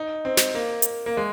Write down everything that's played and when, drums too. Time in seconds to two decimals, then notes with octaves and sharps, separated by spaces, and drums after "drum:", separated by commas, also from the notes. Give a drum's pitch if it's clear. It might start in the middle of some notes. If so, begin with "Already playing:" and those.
Already playing: D#4
0.25 C4
0.37 drum: snare
0.55 A#3
0.82 drum: hi-hat
1.06 A#3
1.17 G#3